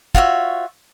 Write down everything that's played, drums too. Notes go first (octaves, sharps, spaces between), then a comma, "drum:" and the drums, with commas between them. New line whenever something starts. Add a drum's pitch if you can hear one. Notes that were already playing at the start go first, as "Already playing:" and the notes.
F4 F#4 C#5 E5, drum: kick